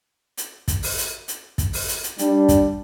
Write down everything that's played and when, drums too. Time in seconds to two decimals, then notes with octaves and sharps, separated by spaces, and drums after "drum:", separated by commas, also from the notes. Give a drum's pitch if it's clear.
0.37 drum: hi-hat
0.68 drum: kick, hi-hat
0.83 drum: open hi-hat
0.98 drum: hi-hat
1.28 drum: hi-hat
1.58 drum: kick, hi-hat
1.73 drum: open hi-hat
1.88 drum: hi-hat
2.03 drum: hi-hat
2.18 G3 D4, drum: hi-hat
2.49 drum: kick, hi-hat